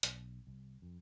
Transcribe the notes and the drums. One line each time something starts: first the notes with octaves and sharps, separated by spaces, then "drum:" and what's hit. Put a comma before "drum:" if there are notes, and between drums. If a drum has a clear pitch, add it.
B1, drum: hi-hat
C2
F2